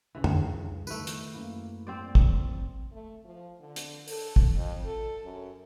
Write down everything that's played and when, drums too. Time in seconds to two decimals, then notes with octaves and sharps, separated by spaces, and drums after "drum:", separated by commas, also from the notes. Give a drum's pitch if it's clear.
0.15 C2 G2 C#3 E3
0.24 drum: tom F2
0.87 D#3 A3 E4 B4, drum: tambourine
1.07 drum: hi-hat
1.34 F#2 A#3 E4
1.87 C4 C5 D5
2.15 drum: kick
2.92 A3
3.25 F3
3.60 D3
3.76 drum: hi-hat
4.08 A4, drum: open hi-hat
4.36 drum: kick
4.56 F2
4.85 A4
5.22 F#2